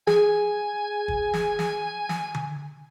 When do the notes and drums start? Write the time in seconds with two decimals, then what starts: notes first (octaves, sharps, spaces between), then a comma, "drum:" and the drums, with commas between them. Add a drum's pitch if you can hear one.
0.07 G#4 G#5, drum: snare
1.08 drum: kick
1.34 drum: snare
1.59 drum: snare
2.09 drum: snare
2.34 drum: tom D3